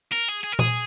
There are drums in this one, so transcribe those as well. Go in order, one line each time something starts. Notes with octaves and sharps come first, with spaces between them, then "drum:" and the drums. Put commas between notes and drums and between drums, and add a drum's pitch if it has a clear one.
A#4, drum: hi-hat
G#4
G#4
A#4
G#4, drum: tom A#2